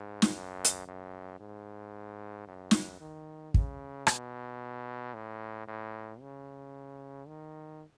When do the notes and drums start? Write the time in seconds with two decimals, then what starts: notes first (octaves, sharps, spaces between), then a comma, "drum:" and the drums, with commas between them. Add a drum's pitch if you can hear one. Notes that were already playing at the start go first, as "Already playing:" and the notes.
Already playing: G#2
0.22 drum: snare
0.34 F#2
0.64 drum: hi-hat
0.88 F#2
1.40 G#2
2.47 F#2
2.71 drum: snare
3.00 D#3
3.54 C#3, drum: kick
4.07 B2, drum: rim click
5.14 A2
5.68 A2
6.20 C#3
7.27 D#3